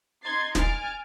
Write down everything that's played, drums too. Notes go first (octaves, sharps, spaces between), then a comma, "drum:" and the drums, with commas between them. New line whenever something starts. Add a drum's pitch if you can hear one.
D#4 C6 G#6 A6 C7
G#5 F6 A6 D7, drum: snare